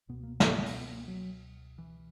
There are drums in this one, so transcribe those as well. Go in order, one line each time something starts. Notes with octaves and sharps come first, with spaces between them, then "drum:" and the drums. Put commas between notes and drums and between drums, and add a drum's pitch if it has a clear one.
C#2 B2 B3
A#3
drum: snare
B3
B3, drum: open hi-hat
B3
A#3
F#3
E3